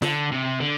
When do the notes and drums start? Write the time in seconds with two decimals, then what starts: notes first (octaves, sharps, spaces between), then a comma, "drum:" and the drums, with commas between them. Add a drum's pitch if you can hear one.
0.02 D3, drum: snare
0.31 C3
0.60 D3